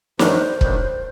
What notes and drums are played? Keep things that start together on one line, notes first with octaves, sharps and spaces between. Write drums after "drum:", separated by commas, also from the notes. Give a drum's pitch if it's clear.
G2 D#3 F#3 A3 D4 C5, drum: snare
G2 D#3 F#3 A3 D4, drum: kick